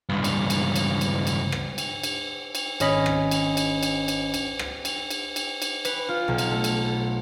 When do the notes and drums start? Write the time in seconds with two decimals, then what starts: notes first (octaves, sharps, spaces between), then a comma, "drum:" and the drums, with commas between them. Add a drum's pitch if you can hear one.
0.09 C#2 G2
0.24 drum: cymbal
0.50 drum: cymbal
0.76 drum: cymbal
1.01 drum: cymbal
1.27 drum: cymbal
1.52 drum: rim click
1.78 drum: cymbal
2.04 drum: cymbal
2.55 drum: cymbal
2.80 G#1 C#4 D#5 B5, drum: cymbal
3.06 drum: rim click
3.31 drum: cymbal
3.57 drum: cymbal
3.83 drum: cymbal
4.08 drum: cymbal
4.34 drum: cymbal
4.59 drum: rim click
4.85 drum: cymbal
5.11 drum: cymbal
5.36 drum: cymbal
5.62 drum: cymbal
5.85 B4, drum: cymbal
6.09 F4
6.28 B1
6.38 drum: cymbal
6.51 A3
6.64 drum: cymbal
6.83 B3